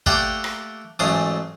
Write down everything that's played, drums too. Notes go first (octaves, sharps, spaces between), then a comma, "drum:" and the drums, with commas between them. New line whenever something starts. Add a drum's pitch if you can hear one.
A3 A#3 G4 D5 F#5 G5, drum: kick
drum: rim click
A1 G#2 F#3 A3 F5 D#6